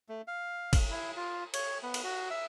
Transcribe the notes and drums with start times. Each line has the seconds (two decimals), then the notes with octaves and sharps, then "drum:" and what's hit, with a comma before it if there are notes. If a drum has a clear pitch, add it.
0.09 A3
0.27 F5
0.73 drum: kick, cymbal
0.91 E4
1.17 F4
1.54 C#5, drum: cymbal
1.83 B3
1.94 drum: cymbal
2.04 F#4
2.30 E5